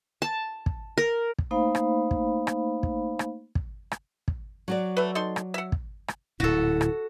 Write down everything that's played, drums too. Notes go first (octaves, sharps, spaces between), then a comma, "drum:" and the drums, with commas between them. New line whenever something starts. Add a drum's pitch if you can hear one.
A5
drum: kick
A#4
drum: kick
A3 A#3 D#4 C5 F5 B5
drum: rim click
drum: kick
drum: rim click
drum: kick
drum: rim click
drum: kick
drum: rim click
drum: kick
F#3 F#4 D5
A3 B4
D#4 A4 C6
drum: rim click
E5 F#5
drum: kick
drum: rim click
D1 A#2 E4 F#4 A4
drum: rim click